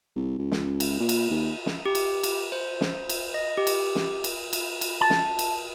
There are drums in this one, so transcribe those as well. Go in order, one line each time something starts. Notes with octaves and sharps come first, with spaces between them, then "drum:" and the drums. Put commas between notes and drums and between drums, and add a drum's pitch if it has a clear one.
C2
C#2
drum: snare
drum: cymbal
A#2
drum: cymbal
D#2
drum: snare
G4
drum: cymbal
drum: cymbal
C5
drum: snare
drum: cymbal
D#5
G4
drum: cymbal
drum: snare
drum: cymbal
drum: cymbal
drum: cymbal
A5
drum: snare
drum: cymbal